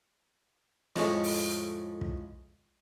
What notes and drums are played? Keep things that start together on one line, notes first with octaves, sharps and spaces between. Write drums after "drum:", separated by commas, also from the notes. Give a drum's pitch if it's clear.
F2 A2 G#3 C#4, drum: snare
drum: open hi-hat
drum: kick